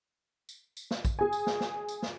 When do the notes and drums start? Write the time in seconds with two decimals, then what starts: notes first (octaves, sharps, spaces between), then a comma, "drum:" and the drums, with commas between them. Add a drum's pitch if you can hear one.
0.49 drum: tambourine
0.77 drum: tambourine
0.91 drum: snare
1.05 drum: kick, tambourine
1.19 G#4 G#5
1.33 drum: tambourine
1.47 drum: snare
1.61 drum: snare
1.88 drum: tambourine
2.02 drum: snare